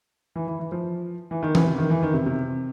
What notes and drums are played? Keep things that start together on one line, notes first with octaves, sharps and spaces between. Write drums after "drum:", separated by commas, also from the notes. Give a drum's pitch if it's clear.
E3
E3
E3
F3
E3
D#3
E3, drum: tom E3
C3
D#3
E3
D#3
C3
C3